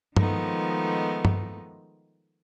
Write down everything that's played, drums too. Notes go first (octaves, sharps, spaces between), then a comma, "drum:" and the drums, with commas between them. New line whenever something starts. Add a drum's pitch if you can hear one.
D#3 F3 G#3 A3 B3 D#4, drum: tom G2
drum: tom G2